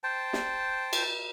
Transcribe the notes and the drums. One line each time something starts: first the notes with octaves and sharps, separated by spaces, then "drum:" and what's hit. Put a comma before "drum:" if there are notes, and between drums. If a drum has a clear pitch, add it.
C5 G5 A5
drum: snare
drum: cymbal